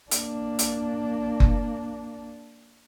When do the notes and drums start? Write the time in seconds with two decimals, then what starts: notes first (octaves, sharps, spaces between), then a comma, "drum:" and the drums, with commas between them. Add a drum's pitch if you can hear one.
0.11 A#3 D4, drum: hi-hat
0.59 drum: hi-hat
1.40 drum: kick F#1